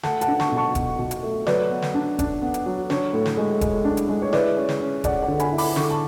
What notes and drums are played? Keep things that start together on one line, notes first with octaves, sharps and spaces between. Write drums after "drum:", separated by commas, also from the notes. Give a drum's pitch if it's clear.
A3 F#5 A5, drum: snare
F#5 A5, drum: hi-hat
D4
A5 C#6, drum: snare
B2
A5 C#6
B2, drum: kick E1, hi-hat
B2
drum: hi-hat
A3
F#3 B4 D5, drum: snare
B3
drum: snare
D4
D4, drum: kick E1, hi-hat
B3
drum: hi-hat
F#3
D4 C#5, drum: snare
A2
drum: snare
G#3
G#3, drum: kick E1, hi-hat
D4
drum: hi-hat
G#3
C#5
E4 B4 D5, drum: snare
C#4
drum: snare
C#4
C#4 D5 F#5, drum: kick E1, hi-hat
D5 F#5
D3
G#5 B5, drum: hi-hat
E4
B5 D6, drum: open hi-hat
D3 C#6, drum: snare
D6
A5 C#6